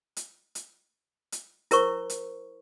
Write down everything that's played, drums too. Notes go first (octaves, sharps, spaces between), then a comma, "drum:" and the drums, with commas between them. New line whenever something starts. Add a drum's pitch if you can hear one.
drum: hi-hat
drum: hi-hat
drum: hi-hat
E4 A#4 C5 C#6, drum: hi-hat
drum: hi-hat